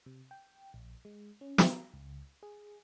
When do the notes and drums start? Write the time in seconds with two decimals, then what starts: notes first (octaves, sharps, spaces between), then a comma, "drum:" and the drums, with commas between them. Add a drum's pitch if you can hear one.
0.06 C3
0.31 G5
0.74 A#1
1.05 G#3
1.41 C#4
1.58 drum: snare
1.70 A#5
1.93 C#2
2.43 G#4